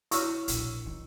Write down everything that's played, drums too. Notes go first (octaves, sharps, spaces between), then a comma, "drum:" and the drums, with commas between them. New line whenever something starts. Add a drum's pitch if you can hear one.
E4 F#4 C#5 C#6 E6 F6, drum: hi-hat
A#1 A#2, drum: hi-hat
D#3